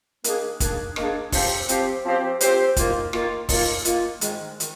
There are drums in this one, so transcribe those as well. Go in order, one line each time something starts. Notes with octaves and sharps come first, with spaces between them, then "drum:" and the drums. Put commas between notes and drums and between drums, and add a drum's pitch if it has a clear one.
D#3 A#3 D4 G#4, drum: hi-hat
D#3 A#3 D4 G#4, drum: kick, hi-hat
D#3 A#3 D4 G#4, drum: rim click
F3 C4 G4 C5, drum: kick, open hi-hat
F3 C4 G4 C5, drum: hi-hat
F3 C4 G4 C5
F3 C4 G4 C5, drum: hi-hat
D#3 A#3 F4, drum: kick, hi-hat
D#3 A#3 F4, drum: rim click
D#3 A#3 F4, drum: kick, open hi-hat
D#3 A#3 F4, drum: hi-hat
G#2 D#3 G#3, drum: hi-hat
D#3, drum: hi-hat